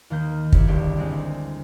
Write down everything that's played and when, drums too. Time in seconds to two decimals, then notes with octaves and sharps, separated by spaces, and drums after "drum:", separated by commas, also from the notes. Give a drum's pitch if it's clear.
0.10 D#2 D#3 A#3 D#4 G6
0.52 E4 G4 C#5, drum: kick
0.68 G1 C#2 D3 G4 G6
0.98 C#3 G#3 C4
1.10 D2